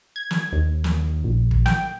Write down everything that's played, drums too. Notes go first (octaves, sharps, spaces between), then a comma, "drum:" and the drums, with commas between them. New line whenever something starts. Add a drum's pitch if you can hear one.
G#6
drum: snare
D#2
drum: snare
A#1
drum: kick
G5, drum: snare